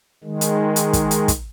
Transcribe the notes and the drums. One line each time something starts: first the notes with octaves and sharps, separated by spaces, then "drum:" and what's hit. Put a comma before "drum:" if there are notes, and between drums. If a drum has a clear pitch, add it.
D#3 G#3
drum: hi-hat
drum: hi-hat
drum: kick, hi-hat
drum: hi-hat
drum: kick, hi-hat